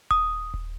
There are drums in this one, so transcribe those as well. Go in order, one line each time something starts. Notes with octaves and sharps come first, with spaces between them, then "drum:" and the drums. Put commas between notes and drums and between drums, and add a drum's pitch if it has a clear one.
D#6, drum: kick D#1
drum: kick D#1